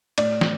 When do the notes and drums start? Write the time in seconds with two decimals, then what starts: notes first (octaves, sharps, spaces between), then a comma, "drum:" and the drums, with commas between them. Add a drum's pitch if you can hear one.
0.18 A2 D5, drum: cymbal
0.41 drum: snare